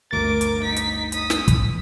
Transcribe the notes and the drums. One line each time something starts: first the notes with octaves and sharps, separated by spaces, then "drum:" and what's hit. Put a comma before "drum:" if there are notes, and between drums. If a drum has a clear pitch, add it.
G1 D2 A#4 D6 A6
drum: hi-hat
D#4 B6
drum: hi-hat
D#6 B6, drum: hi-hat
drum: snare
drum: kick, hi-hat